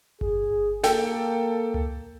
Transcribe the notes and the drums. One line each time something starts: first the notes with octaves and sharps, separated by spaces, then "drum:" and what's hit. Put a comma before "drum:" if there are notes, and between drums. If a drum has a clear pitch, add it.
G#4, drum: kick G1
A#3 A4 G5, drum: snare
drum: tom C#2